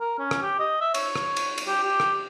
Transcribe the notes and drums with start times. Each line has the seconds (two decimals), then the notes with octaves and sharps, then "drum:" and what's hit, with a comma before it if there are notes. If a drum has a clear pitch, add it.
0.01 A#4
0.19 C#4
0.31 drum: rim click
0.42 G4
0.59 D#5
0.81 E5
0.94 C#5, drum: cymbal
1.16 drum: rim click
1.37 drum: cymbal
1.58 drum: cymbal
1.67 G4
1.84 G4
2.00 drum: rim click